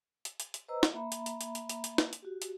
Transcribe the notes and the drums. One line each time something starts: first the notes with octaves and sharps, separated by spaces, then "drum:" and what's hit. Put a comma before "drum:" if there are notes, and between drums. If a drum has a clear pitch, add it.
drum: hi-hat
drum: hi-hat
drum: hi-hat
B4 C5 D#5 A#5 E6
drum: snare
A#3 E5 A#5 B5
drum: hi-hat
drum: hi-hat
drum: hi-hat
drum: hi-hat
drum: hi-hat
drum: hi-hat
drum: snare
drum: hi-hat
F#4 G4
drum: hi-hat